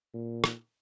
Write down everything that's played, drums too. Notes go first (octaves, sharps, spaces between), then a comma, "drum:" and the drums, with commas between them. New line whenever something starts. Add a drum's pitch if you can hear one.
A#2
drum: rim click